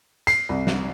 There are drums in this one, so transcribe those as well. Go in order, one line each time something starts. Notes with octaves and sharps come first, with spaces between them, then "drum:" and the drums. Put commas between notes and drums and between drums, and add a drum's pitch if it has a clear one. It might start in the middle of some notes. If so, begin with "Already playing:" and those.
C7, drum: hi-hat
C2
drum: snare